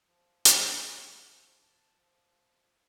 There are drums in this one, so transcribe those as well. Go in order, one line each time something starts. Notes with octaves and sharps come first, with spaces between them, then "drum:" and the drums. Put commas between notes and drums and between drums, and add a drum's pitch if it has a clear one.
F3
drum: hi-hat
A#4
F3
A5
F3